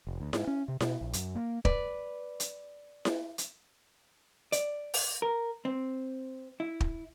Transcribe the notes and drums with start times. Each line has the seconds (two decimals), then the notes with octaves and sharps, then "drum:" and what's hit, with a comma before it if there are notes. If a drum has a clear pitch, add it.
0.07 F1
0.20 D2
0.33 G#2, drum: snare E4
0.47 C#4
0.68 C3
0.80 B2, drum: snare E4
1.01 A#1
1.13 F#2, drum: hi-hat
1.35 A#3
1.65 B4 D5, drum: kick
2.40 drum: hi-hat
3.05 drum: snare E4
3.38 drum: hi-hat
4.52 D5, drum: hi-hat
4.94 drum: open hi-hat
5.22 A#4
5.65 C4
6.60 E4
6.80 drum: kick